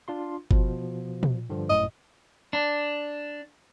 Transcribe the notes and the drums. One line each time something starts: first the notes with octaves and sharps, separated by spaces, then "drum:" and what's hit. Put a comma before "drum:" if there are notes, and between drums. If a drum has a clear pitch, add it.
D4 F4 C6
B2 F3, drum: kick G1
drum: tom A#2
G2 D3 F3
G1 F#2 A2 D#5
D4